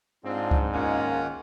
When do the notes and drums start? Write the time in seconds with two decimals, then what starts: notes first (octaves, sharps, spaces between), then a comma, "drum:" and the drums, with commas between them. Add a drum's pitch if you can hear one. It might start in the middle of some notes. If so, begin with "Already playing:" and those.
0.25 G#2 C4 D4 F4
0.51 drum: kick C#2
0.73 D#3 A#3 C#4 F4 F#5